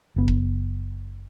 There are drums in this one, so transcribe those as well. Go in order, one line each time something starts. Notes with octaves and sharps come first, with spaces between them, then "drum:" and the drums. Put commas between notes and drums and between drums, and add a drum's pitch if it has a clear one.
F#1 B3
drum: kick E1